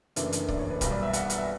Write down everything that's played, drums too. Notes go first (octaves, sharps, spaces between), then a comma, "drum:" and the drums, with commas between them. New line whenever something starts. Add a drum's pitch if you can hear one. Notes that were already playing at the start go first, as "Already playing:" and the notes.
F#1 F#2 E3 A3 D4, drum: hi-hat
drum: hi-hat
D5, drum: kick C#1
C#5
B4
B1 B2 G3 B4, drum: kick C#1, hi-hat
D5
E5
F#5, drum: hi-hat
F#5, drum: hi-hat
E5